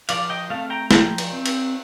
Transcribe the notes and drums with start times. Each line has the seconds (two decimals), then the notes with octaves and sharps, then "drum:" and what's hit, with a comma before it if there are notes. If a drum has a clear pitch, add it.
0.09 F3 D5 F5, drum: cymbal
0.30 D#5 G5
0.50 A3 C4 F5 A5
0.70 G5 A#5
0.91 F3 G5 A#5, drum: snare
1.18 drum: cymbal
1.33 C4
1.46 drum: cymbal